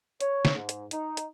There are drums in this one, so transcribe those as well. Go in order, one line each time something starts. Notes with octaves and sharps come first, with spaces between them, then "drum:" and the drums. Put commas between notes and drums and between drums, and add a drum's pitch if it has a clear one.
C#5, drum: hi-hat
drum: snare
G#2
drum: hi-hat
D#4, drum: hi-hat
drum: hi-hat